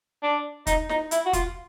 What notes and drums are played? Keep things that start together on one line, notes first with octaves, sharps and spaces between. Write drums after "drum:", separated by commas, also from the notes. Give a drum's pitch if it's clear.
D4
D#4, drum: kick, hi-hat
D#4, drum: snare
E4, drum: hi-hat
F#4
F4, drum: kick, hi-hat